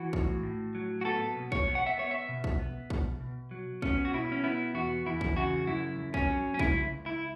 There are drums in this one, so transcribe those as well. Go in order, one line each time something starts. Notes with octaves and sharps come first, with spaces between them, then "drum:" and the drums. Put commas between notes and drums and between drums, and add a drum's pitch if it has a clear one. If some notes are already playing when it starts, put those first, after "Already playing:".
Already playing: E3 F#4
A2, drum: kick
A2
F#3
F#4
B3 A4
B2
C#5, drum: kick
B3
F#5
E5
B3 C#5
E5
B2
drum: kick
B3
B2, drum: kick
B2
F#3
B3 C#4, drum: kick
F#4
B2 E4
C#4
B3 E4
E2 F#4
E2 E4
drum: kick
C#3 F#4
F#2 E4
F#2
C#4, drum: kick
F#3
C#4
C#2 E4, drum: kick
C#2
E4